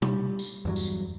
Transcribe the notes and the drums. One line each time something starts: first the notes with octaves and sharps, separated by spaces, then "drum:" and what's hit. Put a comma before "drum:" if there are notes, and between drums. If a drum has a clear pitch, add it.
G3, drum: tom B2
drum: tambourine
E2 G2 F#3
drum: tambourine